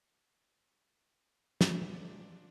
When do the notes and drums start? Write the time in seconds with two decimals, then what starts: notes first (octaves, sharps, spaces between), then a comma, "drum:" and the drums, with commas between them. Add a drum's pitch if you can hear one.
1.61 B3 C#4, drum: snare
2.01 D4 F4